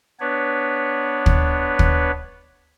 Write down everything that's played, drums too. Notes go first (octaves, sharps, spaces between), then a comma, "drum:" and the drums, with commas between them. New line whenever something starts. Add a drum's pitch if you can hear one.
B3 D4 B4 C#5
drum: kick
drum: kick